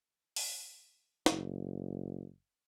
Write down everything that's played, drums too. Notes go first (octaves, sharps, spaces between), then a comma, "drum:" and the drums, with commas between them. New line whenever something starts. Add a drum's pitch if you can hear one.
drum: open hi-hat
F#1, drum: snare